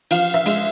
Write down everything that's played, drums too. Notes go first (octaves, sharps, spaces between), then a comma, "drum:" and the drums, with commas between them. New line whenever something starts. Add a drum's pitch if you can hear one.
F3 F5, drum: cymbal
E5
G#3, drum: cymbal